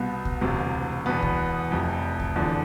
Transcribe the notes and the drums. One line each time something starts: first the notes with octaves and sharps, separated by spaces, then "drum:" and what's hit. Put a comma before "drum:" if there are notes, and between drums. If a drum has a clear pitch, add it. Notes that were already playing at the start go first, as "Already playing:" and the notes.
Already playing: C2 B2 B3
drum: kick C#2
E1 D2 C3
E2 B2 B3
drum: kick C#2
F1 F2 C3
drum: kick C#2
E2 D3 F3